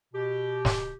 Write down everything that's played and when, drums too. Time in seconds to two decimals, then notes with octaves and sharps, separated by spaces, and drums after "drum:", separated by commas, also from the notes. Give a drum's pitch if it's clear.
0.14 B2 G4
0.65 drum: snare